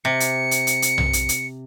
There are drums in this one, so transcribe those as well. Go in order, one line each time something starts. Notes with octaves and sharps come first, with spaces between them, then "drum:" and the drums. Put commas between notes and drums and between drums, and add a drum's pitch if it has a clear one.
C3 C#7
drum: hi-hat
drum: hi-hat
drum: hi-hat
drum: hi-hat
drum: tom B1
drum: hi-hat
drum: hi-hat